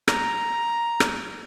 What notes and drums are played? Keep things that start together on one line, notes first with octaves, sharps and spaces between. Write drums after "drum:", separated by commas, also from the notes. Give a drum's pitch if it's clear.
A#5, drum: rim click
drum: rim click